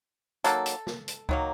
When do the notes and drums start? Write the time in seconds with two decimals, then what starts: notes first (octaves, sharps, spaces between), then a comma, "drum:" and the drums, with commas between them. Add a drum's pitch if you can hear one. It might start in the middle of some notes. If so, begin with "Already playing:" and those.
0.44 D#3 F#3 A#3 A4, drum: hi-hat
0.66 drum: hi-hat
0.87 drum: snare
1.08 drum: hi-hat
1.29 D#3 F#3 A#3, drum: kick C#2